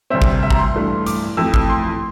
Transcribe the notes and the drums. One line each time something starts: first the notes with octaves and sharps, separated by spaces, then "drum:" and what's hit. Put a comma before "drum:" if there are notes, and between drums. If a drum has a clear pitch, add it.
D2 C3 G3 C4 E5
drum: kick
E5
A#5, drum: kick
C6
G2 E3 A3
D6, drum: hi-hat
F2 E3 A3 E6
E6, drum: kick
C6